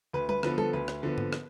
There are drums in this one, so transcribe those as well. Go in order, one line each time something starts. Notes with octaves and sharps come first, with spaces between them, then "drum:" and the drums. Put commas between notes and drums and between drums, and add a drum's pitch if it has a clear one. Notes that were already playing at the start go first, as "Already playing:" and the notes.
D2 B4
B4, drum: tom G3
D3 F3 B3 B4, drum: rim click
A4, drum: tom G3
D2 B4
drum: rim click
D3 F3 B3
drum: tom G#2
drum: rim click